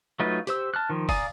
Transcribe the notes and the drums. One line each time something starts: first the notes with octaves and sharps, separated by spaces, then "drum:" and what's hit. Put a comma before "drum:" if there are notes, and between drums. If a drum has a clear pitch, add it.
F#3 A3 D#4 F4 B4
G4 C5 E6, drum: hi-hat
A5 F6 F#6
D#3 F3
D5 F5 G#5 A#5 D#6, drum: kick F1, open hi-hat